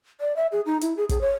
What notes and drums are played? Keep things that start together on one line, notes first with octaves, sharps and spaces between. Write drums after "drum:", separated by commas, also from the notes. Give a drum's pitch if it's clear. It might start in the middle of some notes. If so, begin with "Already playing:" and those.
D5
E5
G#4
D#4
E4, drum: hi-hat
G#4
G#4, drum: kick, hi-hat
C#5